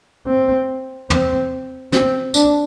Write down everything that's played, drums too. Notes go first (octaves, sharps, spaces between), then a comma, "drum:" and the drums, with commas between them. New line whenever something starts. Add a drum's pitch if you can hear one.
C4
C4, drum: tom
C4, drum: snare
D4, drum: tambourine